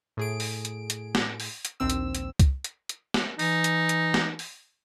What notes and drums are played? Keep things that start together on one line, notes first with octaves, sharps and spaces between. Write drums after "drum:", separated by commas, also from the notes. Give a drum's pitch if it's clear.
A2 G#4 D7
drum: open hi-hat
drum: hi-hat
drum: hi-hat
drum: snare
drum: open hi-hat
drum: hi-hat
A#1 D#2 C4 E6
drum: hi-hat
drum: hi-hat
drum: kick C2, hi-hat
drum: hi-hat
drum: hi-hat
drum: snare
E3 D#4, drum: open hi-hat
drum: hi-hat
drum: hi-hat
drum: snare
drum: open hi-hat